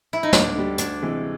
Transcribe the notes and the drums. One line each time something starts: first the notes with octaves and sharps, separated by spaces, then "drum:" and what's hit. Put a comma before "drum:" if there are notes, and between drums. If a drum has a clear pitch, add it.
E4
D#4
D2 D4, drum: snare
D3 G3
D2 D4, drum: hi-hat
C3 E3 G#3